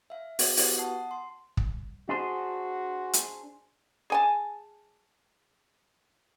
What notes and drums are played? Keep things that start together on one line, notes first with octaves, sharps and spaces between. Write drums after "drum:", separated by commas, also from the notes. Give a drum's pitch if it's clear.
E5 F5
B3 F#4 G#4, drum: open hi-hat
B3 E4 F#4 G4 B4, drum: open hi-hat
F#5 A5 D#6 C7
C6
drum: kick
D4 F#4 G#4 C5
drum: hi-hat
G#4 G#5 A5